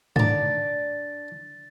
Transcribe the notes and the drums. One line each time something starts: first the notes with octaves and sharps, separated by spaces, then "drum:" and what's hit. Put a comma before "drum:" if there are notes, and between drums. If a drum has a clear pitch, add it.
D2 D4 D5 A#5 A6, drum: tom G#2